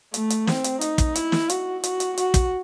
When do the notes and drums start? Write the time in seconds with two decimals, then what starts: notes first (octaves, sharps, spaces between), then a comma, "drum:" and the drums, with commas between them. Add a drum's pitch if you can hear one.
0.14 A3, drum: hi-hat
0.30 drum: hi-hat
0.47 C4, drum: snare
0.64 drum: hi-hat
0.81 D#4, drum: hi-hat
0.98 drum: kick, hi-hat
1.15 E4, drum: hi-hat
1.32 drum: snare
1.50 F#4, drum: hi-hat
1.83 F#4, drum: hi-hat
2.00 drum: hi-hat
2.17 F#4, drum: hi-hat
2.34 drum: kick, hi-hat